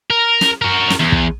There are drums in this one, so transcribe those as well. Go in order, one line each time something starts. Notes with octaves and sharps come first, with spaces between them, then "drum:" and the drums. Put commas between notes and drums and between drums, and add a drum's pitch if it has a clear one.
A#4
drum: snare
F#4 A#4
drum: snare
E2
drum: kick